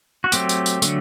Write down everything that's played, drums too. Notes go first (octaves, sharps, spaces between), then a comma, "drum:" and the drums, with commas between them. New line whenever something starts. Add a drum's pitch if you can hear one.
F#4
F#3 A3 C4 G4, drum: tambourine
drum: tambourine
drum: tambourine
D3 F#3 A3, drum: tambourine